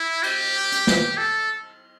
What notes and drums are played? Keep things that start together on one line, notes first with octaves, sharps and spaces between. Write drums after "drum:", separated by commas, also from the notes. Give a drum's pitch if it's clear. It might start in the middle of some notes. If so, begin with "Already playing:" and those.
Already playing: E4
G4, drum: cymbal
drum: hi-hat
drum: snare
A4